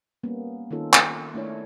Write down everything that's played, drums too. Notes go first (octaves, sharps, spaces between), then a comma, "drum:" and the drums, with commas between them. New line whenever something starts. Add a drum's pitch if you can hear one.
G3 A#3 B3 C#4
D#3 A#3 C#4 D#4 F4 A4
drum: clap
A3 D4 E4 C#5